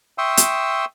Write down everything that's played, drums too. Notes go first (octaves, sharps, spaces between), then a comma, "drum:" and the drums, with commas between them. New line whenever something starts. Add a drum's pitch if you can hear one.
E5 G5 C6 C#6 D#6 E6
drum: hi-hat